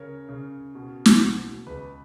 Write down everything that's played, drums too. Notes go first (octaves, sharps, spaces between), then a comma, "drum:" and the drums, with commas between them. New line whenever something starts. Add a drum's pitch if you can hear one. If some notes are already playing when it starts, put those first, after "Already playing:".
Already playing: C#3 A#4 C#5
C#3
B2
drum: snare
B2
C#2 B4